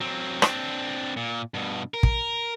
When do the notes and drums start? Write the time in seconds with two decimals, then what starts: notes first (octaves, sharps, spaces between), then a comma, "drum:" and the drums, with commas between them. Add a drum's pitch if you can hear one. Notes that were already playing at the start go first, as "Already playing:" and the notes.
0.01 F#3 C4
0.42 C4 D4, drum: rim click
1.17 A#2
1.54 G2 B2
1.94 A#4
2.03 drum: kick